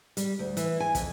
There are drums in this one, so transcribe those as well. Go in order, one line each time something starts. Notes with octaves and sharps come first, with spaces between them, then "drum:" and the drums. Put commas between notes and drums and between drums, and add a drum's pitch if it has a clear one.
G3, drum: hi-hat
D2
E3, drum: hi-hat
G#5
F2, drum: kick, hi-hat